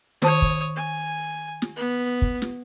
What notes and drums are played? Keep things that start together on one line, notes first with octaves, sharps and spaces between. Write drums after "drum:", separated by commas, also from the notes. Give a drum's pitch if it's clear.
D#3 C5 C#5 A5 D#6, drum: snare
drum: kick
G#5
drum: snare
B3
drum: kick
drum: snare